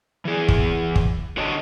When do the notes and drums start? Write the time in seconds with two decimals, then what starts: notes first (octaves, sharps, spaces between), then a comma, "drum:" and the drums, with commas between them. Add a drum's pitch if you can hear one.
0.25 E3 G#4
0.48 drum: kick
0.96 drum: kick
1.37 D3 F#4 C#5 D#5 A5